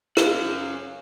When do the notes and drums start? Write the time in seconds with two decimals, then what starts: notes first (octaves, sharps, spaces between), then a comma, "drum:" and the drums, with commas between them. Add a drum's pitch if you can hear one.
0.17 F#2 C#3 C#4 F5 F#5, drum: rim click